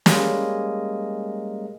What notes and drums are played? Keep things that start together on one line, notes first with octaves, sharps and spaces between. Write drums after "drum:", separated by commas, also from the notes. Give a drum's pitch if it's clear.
G3 G#3 A#3 C#4 A#4 D#5, drum: snare